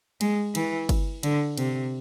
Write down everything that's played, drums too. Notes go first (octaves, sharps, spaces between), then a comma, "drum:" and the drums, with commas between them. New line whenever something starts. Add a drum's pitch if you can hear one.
G#3, drum: cymbal
E3, drum: cymbal
drum: kick G1, cymbal
D3, drum: cymbal
C3, drum: cymbal